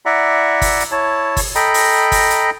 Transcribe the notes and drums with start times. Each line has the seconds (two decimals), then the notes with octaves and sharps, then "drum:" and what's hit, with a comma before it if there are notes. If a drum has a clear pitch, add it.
0.06 E4 D5 E5 F#5 A#5
0.62 drum: kick G1, open hi-hat
0.80 drum: hi-hat
0.92 E4 C#5 A5
1.37 drum: kick G1, open hi-hat
1.55 A4 D#5 G5 A#5 B5, drum: hi-hat
1.74 drum: open hi-hat
2.12 drum: kick G1, open hi-hat
2.30 drum: hi-hat